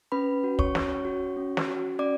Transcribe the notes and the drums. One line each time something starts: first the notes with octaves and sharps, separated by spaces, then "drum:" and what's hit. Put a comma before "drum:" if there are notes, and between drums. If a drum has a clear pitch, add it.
C#4 B4 B5
F#4
C#5 C#6, drum: kick
C#4, drum: snare
F#4
C#4
drum: snare
F#4
C#4 D5 D6